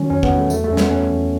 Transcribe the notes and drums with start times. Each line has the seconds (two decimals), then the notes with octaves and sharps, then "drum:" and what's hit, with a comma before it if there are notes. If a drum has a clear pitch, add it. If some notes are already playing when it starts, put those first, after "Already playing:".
Already playing: D#3 F#3 C#4
0.10 E2 C#4
0.23 B3, drum: kick
0.30 F#3
0.37 A3
0.50 E2 A3, drum: tambourine
0.64 A3
0.71 E2 C#4
0.77 B3, drum: snare
0.90 E2 C#4
1.10 E2